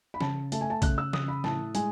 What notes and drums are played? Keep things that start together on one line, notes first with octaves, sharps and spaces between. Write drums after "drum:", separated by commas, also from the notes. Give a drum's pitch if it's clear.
B5
C#3 A5, drum: snare
A3 A5, drum: hi-hat
G#5
A5
C#3 F#6, drum: kick B1, hi-hat
E6
C#3 D#6, drum: snare
B5
A2 A5, drum: snare
G#3 G#5, drum: hi-hat